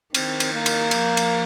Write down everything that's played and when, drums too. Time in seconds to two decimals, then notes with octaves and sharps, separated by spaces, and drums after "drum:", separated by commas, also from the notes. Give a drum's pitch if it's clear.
0.14 D#3 C4, drum: cymbal
0.40 drum: cymbal
0.53 A#3
0.66 drum: cymbal
0.91 F3, drum: cymbal
1.17 drum: cymbal